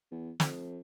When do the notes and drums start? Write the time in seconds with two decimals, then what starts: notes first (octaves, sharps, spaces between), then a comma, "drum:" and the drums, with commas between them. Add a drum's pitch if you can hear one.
0.12 E2
0.40 F2, drum: snare